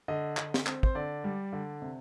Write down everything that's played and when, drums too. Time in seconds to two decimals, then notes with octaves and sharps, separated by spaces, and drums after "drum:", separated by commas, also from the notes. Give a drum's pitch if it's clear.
0.08 D3 D#5
0.37 D3, drum: clap
0.54 drum: snare
0.66 C4, drum: clap
0.83 C5, drum: kick
0.95 D3 D5
1.24 G3
1.53 D3
1.82 C3